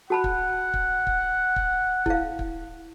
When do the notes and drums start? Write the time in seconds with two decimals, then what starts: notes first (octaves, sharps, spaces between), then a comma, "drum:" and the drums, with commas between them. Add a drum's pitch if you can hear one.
0.10 F#4 F#5 A5 B5
0.24 drum: kick
0.74 drum: kick
1.07 drum: kick
1.56 drum: kick
2.06 E4 F5, drum: kick
2.39 drum: kick